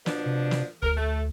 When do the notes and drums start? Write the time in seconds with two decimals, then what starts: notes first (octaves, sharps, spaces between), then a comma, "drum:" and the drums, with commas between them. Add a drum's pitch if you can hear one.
0.06 B2 F3 D4, drum: snare
0.26 C3
0.51 drum: snare
0.82 D2 A#4, drum: kick F1
0.96 A3